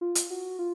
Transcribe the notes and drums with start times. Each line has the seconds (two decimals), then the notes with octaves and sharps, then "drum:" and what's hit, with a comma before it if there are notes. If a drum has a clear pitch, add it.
0.01 F4
0.15 drum: hi-hat
0.30 F#4
0.59 F4